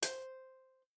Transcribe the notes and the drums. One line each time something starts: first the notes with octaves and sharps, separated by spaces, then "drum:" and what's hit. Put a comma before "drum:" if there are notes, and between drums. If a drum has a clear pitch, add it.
C5, drum: hi-hat